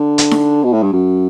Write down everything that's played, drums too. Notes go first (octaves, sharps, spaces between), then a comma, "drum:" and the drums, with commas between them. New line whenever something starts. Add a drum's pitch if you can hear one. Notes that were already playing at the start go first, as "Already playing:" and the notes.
Already playing: D3
drum: hi-hat
drum: snare D#4
B2
A2
G2
F#2